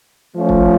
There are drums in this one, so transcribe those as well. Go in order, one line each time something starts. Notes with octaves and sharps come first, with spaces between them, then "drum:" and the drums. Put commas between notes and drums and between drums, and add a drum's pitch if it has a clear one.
F3 A3 C#4 F4
drum: kick